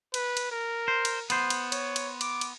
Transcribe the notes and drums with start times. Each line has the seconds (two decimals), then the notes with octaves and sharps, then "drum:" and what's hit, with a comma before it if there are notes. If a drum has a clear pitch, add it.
0.14 B4, drum: cymbal
0.37 drum: cymbal
0.52 A#4
0.88 C5
1.05 drum: cymbal
1.30 B3 C5, drum: cymbal
1.50 drum: cymbal
1.72 C#5, drum: cymbal
1.96 drum: cymbal
2.21 D6, drum: cymbal
2.41 drum: cymbal